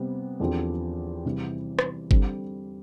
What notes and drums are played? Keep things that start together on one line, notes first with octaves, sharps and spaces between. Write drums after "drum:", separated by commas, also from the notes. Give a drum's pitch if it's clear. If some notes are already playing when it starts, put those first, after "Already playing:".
Already playing: C3 G3 B3
E2 D3 F3 C4 G4
C3 E3 G3
drum: rim click
D3 G3 C4, drum: kick G1